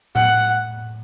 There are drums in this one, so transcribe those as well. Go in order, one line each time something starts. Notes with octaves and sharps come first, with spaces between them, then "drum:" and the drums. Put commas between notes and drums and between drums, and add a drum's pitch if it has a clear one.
F#5, drum: tom A2